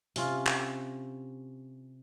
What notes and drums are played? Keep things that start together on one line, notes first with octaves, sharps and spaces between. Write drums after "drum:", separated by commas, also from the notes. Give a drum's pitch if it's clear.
C3 C#4 F4, drum: open hi-hat
drum: clap